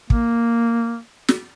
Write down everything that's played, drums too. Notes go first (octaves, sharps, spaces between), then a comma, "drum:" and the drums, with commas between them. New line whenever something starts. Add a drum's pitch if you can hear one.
A#3, drum: kick
drum: snare